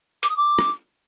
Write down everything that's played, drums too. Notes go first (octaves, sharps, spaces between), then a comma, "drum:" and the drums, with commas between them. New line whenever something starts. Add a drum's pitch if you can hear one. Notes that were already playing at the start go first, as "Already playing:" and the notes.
D6, drum: hi-hat
D#6
D6
drum: rim click